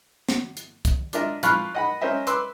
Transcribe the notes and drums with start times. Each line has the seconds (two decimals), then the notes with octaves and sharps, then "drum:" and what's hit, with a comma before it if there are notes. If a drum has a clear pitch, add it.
0.29 drum: snare
0.57 drum: hi-hat
0.85 drum: kick, hi-hat
1.13 D4 F4 A#4 D#5 E5, drum: hi-hat
1.43 F3 F5 B5 C#6 F6 F#6, drum: hi-hat
1.75 D#5 F#5 B5
2.01 C#4 A#4 C5 D#5 E5
2.27 B4 C6 D6 E6, drum: hi-hat